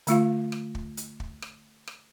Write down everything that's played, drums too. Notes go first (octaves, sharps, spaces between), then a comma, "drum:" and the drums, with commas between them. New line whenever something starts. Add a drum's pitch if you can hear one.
D3 A3 F4 F5, drum: hi-hat
drum: rim click
drum: kick
drum: hi-hat
drum: kick
drum: rim click
drum: rim click